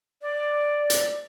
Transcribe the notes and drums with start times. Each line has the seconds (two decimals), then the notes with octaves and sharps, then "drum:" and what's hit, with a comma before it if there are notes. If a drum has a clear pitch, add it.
0.22 D5
0.90 drum: hi-hat